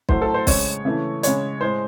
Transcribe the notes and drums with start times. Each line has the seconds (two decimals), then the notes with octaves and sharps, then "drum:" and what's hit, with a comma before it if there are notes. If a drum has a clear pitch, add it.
0.09 A2 F#3 A3 C5, drum: kick B1
0.22 A4
0.34 C5
0.47 C#3 G#3 C#5, drum: kick B1, open hi-hat
0.85 C#3 E3 A3
1.23 C#3 G#3 C#5, drum: hi-hat
1.61 A2 G#3 C5